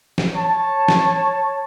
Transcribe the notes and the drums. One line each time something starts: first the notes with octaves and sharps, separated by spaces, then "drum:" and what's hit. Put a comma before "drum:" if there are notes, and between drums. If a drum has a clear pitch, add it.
drum: snare
C#5 A5
drum: snare